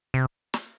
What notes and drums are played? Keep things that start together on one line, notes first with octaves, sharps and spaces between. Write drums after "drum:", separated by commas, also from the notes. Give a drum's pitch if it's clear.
C3
drum: snare